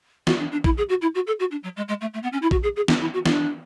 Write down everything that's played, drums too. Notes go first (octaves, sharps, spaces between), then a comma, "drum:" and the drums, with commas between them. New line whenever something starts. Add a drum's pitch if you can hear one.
F#4, drum: snare
D4
D4
E4, drum: kick
G#4
F#4
E4
F#4
A4
F#4
D4
F#3
G#3
G#3
A3
A3
B3
C#4
E4
F#4, drum: kick
G#4
G#4
D4, drum: snare
E4
F#4
D4, drum: snare